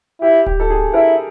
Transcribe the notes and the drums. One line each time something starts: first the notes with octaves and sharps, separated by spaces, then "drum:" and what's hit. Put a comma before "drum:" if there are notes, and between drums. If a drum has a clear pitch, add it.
E4 G4
G4, drum: kick D1
A4
G#4
E4 A#4